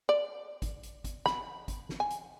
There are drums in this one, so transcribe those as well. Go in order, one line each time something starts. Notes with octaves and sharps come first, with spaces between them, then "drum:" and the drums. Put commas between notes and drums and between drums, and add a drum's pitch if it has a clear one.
D5
drum: kick G#1, hi-hat
drum: hi-hat
drum: kick G#1, hi-hat
B5, drum: snare
drum: kick G#1, hi-hat
drum: snare
G#5
drum: hi-hat